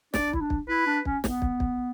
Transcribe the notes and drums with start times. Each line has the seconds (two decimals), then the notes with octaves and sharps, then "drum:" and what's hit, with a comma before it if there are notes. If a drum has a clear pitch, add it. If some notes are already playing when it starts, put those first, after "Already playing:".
0.14 D4 D5, drum: snare
0.33 E4, drum: kick
0.41 D4
0.50 drum: kick
0.69 E4 B4
0.87 D4
1.05 C#4, drum: kick
1.24 B3, drum: snare
1.42 drum: kick
1.60 drum: kick